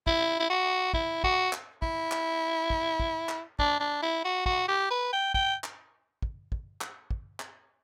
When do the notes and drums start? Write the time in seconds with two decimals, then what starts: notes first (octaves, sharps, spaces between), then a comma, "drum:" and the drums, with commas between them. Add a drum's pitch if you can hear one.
0.07 E4, drum: kick
0.39 E4
0.50 F#4
0.94 E4, drum: kick
1.24 F#4, drum: kick
1.53 drum: clap
1.82 E4, drum: kick
2.12 drum: clap
2.70 drum: kick
3.00 drum: kick
3.29 drum: clap
3.59 D4, drum: kick
3.80 D4
4.02 E4
4.25 F#4
4.46 F#4, drum: kick
4.68 G4
4.90 B4
5.13 G5
5.34 G5, drum: kick
5.64 drum: clap
6.22 drum: kick
6.52 drum: kick
6.81 drum: clap
7.11 drum: kick
7.40 drum: clap